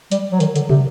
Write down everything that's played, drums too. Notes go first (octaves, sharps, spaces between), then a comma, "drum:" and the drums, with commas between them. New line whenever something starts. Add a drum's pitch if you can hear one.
G3, drum: hi-hat
F#3
D#3, drum: hi-hat
D3, drum: hi-hat
C3, drum: tom